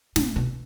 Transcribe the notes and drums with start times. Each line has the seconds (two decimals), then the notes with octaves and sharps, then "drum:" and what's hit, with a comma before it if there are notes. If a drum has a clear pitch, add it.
0.16 A#2, drum: snare
0.36 B2